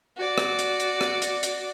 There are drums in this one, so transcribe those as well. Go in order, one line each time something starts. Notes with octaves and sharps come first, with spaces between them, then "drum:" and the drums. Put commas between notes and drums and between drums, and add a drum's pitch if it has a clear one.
F#4 D5
drum: rim click
drum: hi-hat
drum: hi-hat
drum: rim click
drum: hi-hat
drum: hi-hat